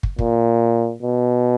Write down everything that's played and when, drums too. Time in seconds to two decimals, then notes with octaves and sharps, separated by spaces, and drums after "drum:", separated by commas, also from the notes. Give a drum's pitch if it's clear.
0.03 drum: kick
0.19 A#2, drum: kick
1.02 B2